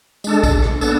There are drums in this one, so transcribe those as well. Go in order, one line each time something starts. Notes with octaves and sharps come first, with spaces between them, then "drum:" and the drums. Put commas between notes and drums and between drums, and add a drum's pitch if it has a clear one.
G#3 D4 A4, drum: tambourine
drum: kick, tambourine
drum: rim click
B3 D4 A4, drum: tambourine